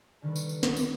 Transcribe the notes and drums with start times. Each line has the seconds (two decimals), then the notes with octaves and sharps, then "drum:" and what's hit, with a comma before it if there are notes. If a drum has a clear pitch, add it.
0.22 D3 D#3 G3 B4
0.36 drum: tambourine
0.49 drum: tambourine
0.63 drum: snare
0.77 drum: tambourine